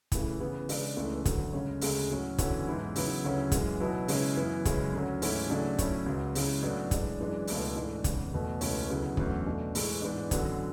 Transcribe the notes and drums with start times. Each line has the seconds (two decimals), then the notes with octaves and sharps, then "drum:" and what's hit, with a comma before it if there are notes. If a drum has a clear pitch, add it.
0.12 C#3 E3 A3 E4, drum: kick, hi-hat
0.40 C#3 E3 B3
0.69 C#3 G#3 D4, drum: open hi-hat
0.97 C#2 C#3 E3 A3
1.25 D2 D3 F#3, drum: kick, hi-hat
1.53 C#3 G#3 C#4
1.81 D2 C#3 G#3, drum: open hi-hat
2.11 A2 F#3 C#4
2.38 E2 D3 F#3 C#4 E4, drum: kick, hi-hat
2.67 G#2 E3 B3 E4
2.96 C#3 F#3 B3 E4, drum: open hi-hat
3.24 D2 C#3 F#3 C#4 E4
3.52 F#2 E3 G#3, drum: kick, hi-hat
3.80 B2 F#3 B3 E4
4.08 C#3 G#3 C#4 E4, drum: open hi-hat
4.37 F#2 E3 B3 E4
4.65 F#2 C#3 G#3 C#4 E4, drum: kick, hi-hat
4.93 D2 D3 F#3 C#4
5.22 G#2 E3 A3 C#4 E4, drum: open hi-hat
5.50 C#3 F#3 A3 D4
5.79 A2 F#3 C#4 E4, drum: kick, hi-hat
6.06 C#2 C#3 F#3
6.35 C#3 G#3 C#4 E4, drum: open hi-hat
6.62 A2 F#3 B3 D4
6.91 A2 G#3 D4, drum: kick, hi-hat
7.19 F#2 E3 G#3 D4
7.47 C#2 B2 A3 C#4 E4, drum: open hi-hat
7.76 G#2 E3 A3 D4
8.04 E2 C#3 G#3, drum: kick, hi-hat
8.33 E2 B2 A3
8.61 C#2 B2 A3 C#4 E4, drum: open hi-hat
8.90 D2 C#3 F#3 B3 E4
9.17 E2 D3 F#3 A3 C#4, drum: kick
9.46 B2 A3 D4
9.75 A2 E3 G#3, drum: open hi-hat
10.02 G#2 E3 B3 D4
10.31 F#2 D3 F#3 B3, drum: kick, hi-hat